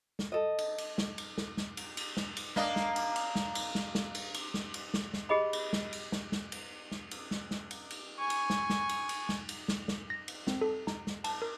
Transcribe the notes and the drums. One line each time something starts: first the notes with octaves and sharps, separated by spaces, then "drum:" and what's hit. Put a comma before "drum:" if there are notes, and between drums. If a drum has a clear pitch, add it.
drum: snare
A4 D#5
drum: cymbal
drum: cymbal
drum: snare
drum: cymbal
drum: snare
drum: snare
drum: cymbal
drum: cymbal
drum: snare
drum: cymbal
A#3 D4 D#5, drum: snare
drum: snare
drum: cymbal
drum: cymbal
drum: snare
drum: cymbal
drum: snare
drum: snare
drum: cymbal
drum: cymbal
drum: snare
drum: cymbal
drum: snare
drum: snare
G4 G#4 D#5 B5
drum: cymbal
drum: snare
drum: cymbal
drum: snare
drum: snare
drum: cymbal
drum: snare
drum: cymbal
drum: snare
drum: snare
drum: cymbal
drum: cymbal
G#5 C#6
drum: cymbal
drum: snare
drum: snare
drum: cymbal
drum: cymbal
drum: snare
drum: cymbal
drum: snare
drum: snare
A#6
drum: cymbal
C4, drum: snare
A4
D#4, drum: snare
drum: snare
A5, drum: cymbal
A#4